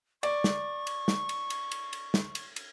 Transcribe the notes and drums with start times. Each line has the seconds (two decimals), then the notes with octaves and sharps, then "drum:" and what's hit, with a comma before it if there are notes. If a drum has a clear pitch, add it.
0.23 D5 C#6, drum: cymbal
0.44 drum: snare
0.87 drum: cymbal
1.08 drum: snare
1.29 drum: cymbal
1.50 drum: cymbal
1.71 drum: cymbal
1.93 drum: cymbal
2.14 drum: snare
2.35 drum: cymbal
2.56 drum: cymbal